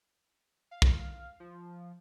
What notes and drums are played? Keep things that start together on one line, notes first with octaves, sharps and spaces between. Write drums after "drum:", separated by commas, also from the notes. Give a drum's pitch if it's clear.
F5
drum: kick
F3